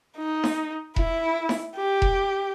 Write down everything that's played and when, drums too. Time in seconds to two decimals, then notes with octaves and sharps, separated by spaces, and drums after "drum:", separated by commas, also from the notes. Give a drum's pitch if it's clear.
0.17 D#4
0.44 drum: snare D#4
0.96 E4, drum: kick E1
1.49 drum: snare D#4
1.76 G4
2.02 drum: kick E1